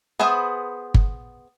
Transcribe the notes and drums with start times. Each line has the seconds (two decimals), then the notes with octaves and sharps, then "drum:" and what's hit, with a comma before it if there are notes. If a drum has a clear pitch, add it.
0.19 B3 G#4 B4 C5 E5
0.94 drum: kick G1